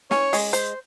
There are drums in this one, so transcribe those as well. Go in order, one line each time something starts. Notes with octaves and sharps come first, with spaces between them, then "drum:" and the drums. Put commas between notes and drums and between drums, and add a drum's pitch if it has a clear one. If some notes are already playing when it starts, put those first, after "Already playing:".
C#4 C#5, drum: snare
G#3, drum: open hi-hat
C5, drum: hi-hat